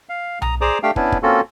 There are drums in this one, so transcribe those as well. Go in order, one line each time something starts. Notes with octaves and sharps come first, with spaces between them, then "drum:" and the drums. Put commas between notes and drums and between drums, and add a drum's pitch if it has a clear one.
F5
A#5 D#6, drum: tom B1
G#4 C5 D5 A#5 D6 D#6
A3 D4 G4 F5 G5
B3 C#4 D4 E4 B4, drum: kick
drum: kick
A#3 C4 C#4 F4 F#4 A4